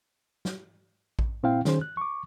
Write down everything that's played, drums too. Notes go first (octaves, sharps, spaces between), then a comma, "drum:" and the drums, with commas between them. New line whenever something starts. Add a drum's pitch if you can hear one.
drum: snare
drum: kick A1
A#2 C4 E4 F5 G5
D#3 C#4 G#4 C5, drum: snare
F#6
C#6 D6